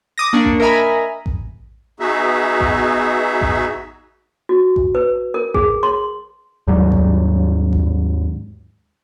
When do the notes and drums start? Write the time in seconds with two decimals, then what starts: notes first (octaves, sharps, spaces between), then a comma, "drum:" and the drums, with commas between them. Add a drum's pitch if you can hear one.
0.18 D6 D#6 A#6
0.33 A#3 D4 C#6
0.45 drum: kick A1
0.60 A#4 D#5 E5 G#5 A#5 B5
1.26 drum: kick A1
2.00 B3 D#4 F#4 G#4 E5
2.61 drum: kick A1
3.41 drum: kick A1
4.49 F#4
4.76 drum: kick A1
4.95 B4
5.34 A#4
5.54 G#4, drum: kick A1
5.83 C6
6.68 D#2 G#2 F#3 G3
6.92 drum: kick A1
7.73 drum: kick A1